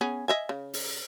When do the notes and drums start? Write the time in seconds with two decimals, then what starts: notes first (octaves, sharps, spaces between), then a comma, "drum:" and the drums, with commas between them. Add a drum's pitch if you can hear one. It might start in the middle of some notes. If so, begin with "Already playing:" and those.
0.01 B3 C#4 G#4
0.28 D#5 E5 G#5
0.49 C#3
0.74 drum: open hi-hat